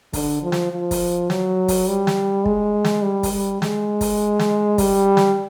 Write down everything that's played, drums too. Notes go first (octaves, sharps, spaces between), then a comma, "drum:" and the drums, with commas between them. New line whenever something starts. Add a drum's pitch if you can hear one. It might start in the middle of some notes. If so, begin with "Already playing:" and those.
D3, drum: kick, open hi-hat
F3
drum: snare
F3
drum: kick, open hi-hat
F#3, drum: snare
drum: kick, open hi-hat
G3
drum: snare
G#3, drum: kick
drum: snare
G3
drum: kick, open hi-hat
G3
G#3, drum: snare
drum: kick, open hi-hat
drum: snare
G3, drum: kick, open hi-hat
drum: snare